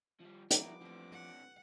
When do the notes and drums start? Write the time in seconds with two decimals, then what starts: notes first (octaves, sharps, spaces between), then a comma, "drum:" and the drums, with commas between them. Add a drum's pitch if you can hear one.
0.20 F3 G3
0.51 E3 F3 G3 B3 E4 A#4 D6, drum: hi-hat
0.81 G3 A3 C4 D4
1.12 F#5